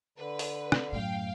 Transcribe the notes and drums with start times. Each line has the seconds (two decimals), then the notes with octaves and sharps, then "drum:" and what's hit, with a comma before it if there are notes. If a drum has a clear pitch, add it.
0.18 D3 B4
0.39 drum: open hi-hat
0.72 drum: rim click
0.92 F#2 A2 F5 G5